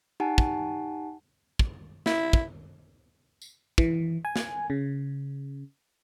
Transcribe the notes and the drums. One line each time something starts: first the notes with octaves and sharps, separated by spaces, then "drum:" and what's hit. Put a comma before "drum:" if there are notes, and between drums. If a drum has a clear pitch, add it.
D#4 G4 F#5 G#5 A5
drum: kick
drum: kick
E4, drum: snare
drum: kick
drum: tambourine
E3, drum: kick
G#5
drum: snare
C#3